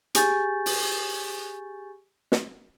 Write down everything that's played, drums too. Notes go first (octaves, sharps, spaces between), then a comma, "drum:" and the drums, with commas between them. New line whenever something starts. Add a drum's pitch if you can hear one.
G4 G#4 G#5 C#6 G6 A6, drum: hi-hat
drum: open hi-hat
drum: snare